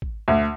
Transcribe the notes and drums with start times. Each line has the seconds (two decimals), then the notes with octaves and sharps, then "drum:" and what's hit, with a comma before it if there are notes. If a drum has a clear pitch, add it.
0.02 drum: kick
0.28 D2